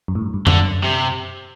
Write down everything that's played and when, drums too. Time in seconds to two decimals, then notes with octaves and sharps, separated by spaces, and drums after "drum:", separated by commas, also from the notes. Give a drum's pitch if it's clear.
0.08 F#2
0.15 A2
0.22 G2
0.34 G2
0.47 F#2 D3, drum: tom F2
0.84 C3